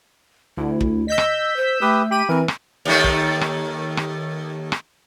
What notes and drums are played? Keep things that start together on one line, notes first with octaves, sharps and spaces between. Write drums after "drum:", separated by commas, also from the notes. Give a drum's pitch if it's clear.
D2 E4
drum: kick
D#5 E6 G6 B6
drum: rim click
C5
A3 G4 B4 D#6
G4 G5 B5 D#7
E3 C4 A#4
drum: rim click
D#2 D#3 A3
drum: kick
drum: rim click
drum: rim click
drum: rim click